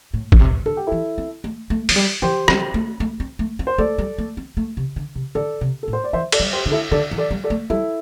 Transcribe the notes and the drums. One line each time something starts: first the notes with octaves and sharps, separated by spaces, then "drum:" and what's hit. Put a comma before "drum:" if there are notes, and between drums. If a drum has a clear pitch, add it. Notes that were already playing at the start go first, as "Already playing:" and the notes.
A2
A2, drum: kick F#1
C3
D3 A4
G4
E3 E4 A4
C4
A3
A3
E3, drum: open hi-hat
G3
E3 G4 C5
G3, drum: rim click
A3
A3
C4
A3
C4
C5
A3 A4 D5
G3
A3
C4
A3
C3
D3
C3
D3 A4 D5
C3
A2 A4
C5
D5
E3 C5 E5
A4 D5, drum: cymbal
G3
G4 C5
D3
E4 A4
D3 A4 D5
E3
A4 D5
G3
A4 D5
A3
G3 E4 A4